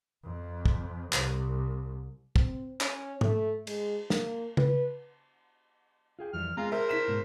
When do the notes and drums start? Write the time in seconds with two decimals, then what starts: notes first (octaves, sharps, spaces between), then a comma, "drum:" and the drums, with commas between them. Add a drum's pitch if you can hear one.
0.23 F2
0.66 drum: kick
1.13 C2, drum: clap
2.36 C4, drum: kick
2.81 C#4, drum: clap
3.21 A3, drum: tom G#2
3.67 G#3, drum: cymbal
4.10 A#3, drum: snare
4.57 B4, drum: tom C#3
6.19 F4 G#4 G5
6.33 F2 E3 G3 F6
6.57 G#3 B3 F4 F5 A#5
6.72 G#4 A#4 C5 E5
6.89 E4 B6 E7
7.08 G#2 B2 G#3